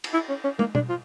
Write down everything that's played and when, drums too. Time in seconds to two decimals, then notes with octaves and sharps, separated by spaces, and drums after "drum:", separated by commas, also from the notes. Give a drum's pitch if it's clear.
0.04 drum: cymbal
0.14 E4
0.29 C#4
0.44 C#4
0.59 A#3, drum: tom
0.75 D4, drum: tom B2
0.90 F4